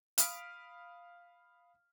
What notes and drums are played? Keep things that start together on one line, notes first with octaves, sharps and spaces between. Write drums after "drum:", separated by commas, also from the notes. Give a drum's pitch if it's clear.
F5 B5 D#6 F6 B6 D7, drum: hi-hat